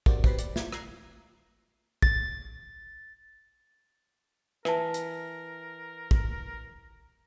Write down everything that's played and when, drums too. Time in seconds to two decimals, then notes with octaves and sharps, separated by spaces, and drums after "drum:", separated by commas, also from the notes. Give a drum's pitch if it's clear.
0.06 A#3 C4 F#4 G4 C5 D5, drum: kick
0.24 B2 C4 G4 B4 B5 C7, drum: kick
0.39 D5, drum: hi-hat
0.56 E4 F4 G#6, drum: snare
0.72 A#5 F#6 G#6 C7, drum: rim click
2.02 A6, drum: kick
4.65 E3 A#4 B4 E5 A5, drum: rim click
4.94 drum: hi-hat
6.11 drum: kick